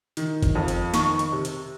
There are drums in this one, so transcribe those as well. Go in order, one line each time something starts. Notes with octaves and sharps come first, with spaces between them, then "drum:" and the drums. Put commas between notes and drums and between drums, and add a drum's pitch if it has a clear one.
D#3, drum: hi-hat
drum: kick F#1, hi-hat
F2
drum: hi-hat
D#3 C#6, drum: snare
drum: hi-hat
C3
drum: hi-hat